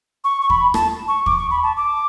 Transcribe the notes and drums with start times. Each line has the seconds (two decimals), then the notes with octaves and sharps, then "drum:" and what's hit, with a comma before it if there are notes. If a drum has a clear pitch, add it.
0.24 C#6
0.42 C#6
0.50 B5, drum: kick
0.74 A5, drum: rim click
1.08 C#6
1.26 D6, drum: kick
1.38 C#6
1.51 B5
1.63 A5
1.77 D6